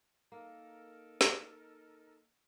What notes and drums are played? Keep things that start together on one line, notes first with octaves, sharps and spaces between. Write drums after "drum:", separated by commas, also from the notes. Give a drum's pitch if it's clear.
A#3 D#4 A4 A#4
drum: snare